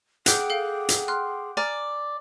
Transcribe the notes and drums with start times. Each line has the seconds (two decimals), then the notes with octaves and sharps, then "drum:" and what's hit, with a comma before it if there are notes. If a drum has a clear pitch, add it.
0.26 G#4 F#5 G5 D6, drum: hi-hat
0.50 A4 F5
0.89 drum: hi-hat
1.08 C6 F6 F#6
1.57 D5 G#5 A#5 F6